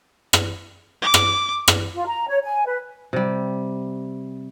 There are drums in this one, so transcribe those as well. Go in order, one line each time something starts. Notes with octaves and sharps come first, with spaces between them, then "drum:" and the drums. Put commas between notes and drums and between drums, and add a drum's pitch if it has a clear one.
drum: rim click
D6
drum: rim click
drum: rim click
F4
A#5
C#5
G#5
B4
C3 G3